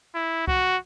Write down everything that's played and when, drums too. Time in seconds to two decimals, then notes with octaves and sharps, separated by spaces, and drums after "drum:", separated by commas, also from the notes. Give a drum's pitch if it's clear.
0.15 E4
0.48 F#4, drum: kick C2